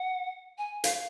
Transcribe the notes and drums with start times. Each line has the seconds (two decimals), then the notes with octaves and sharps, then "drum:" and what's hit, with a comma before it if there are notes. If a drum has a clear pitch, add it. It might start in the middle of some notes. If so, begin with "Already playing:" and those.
Already playing: F#5
0.58 G#5
0.84 F5, drum: hi-hat